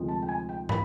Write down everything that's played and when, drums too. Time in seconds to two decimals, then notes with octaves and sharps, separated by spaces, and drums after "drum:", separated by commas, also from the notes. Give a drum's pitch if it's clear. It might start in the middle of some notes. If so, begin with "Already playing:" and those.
Already playing: D2 C3 F3 G#3 C4
0.08 A5
0.22 G5
0.29 G#5
0.49 G5
0.69 B5, drum: tom